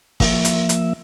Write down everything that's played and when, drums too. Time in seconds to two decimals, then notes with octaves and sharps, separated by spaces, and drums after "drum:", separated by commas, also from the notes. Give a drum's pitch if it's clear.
0.20 F3 A#3 E5, drum: kick, open hi-hat
0.45 drum: hi-hat
0.69 drum: hi-hat